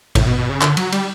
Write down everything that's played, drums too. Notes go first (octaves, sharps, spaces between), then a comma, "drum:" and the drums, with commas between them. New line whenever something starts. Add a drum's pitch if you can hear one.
A2, drum: kick A1, cymbal
B2
B2
C#3
D3, drum: clap
F#3, drum: cymbal
G3, drum: cymbal